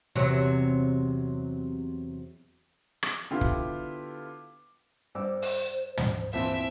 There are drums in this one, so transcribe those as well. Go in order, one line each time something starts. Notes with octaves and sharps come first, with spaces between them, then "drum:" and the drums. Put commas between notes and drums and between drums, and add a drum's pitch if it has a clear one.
E2 C3 F#3
drum: rim click
D3 B3 E4 F4 G4
drum: kick
G2 C5 D6 E6
drum: open hi-hat
drum: tom
A#1 E3 C4 E5 A5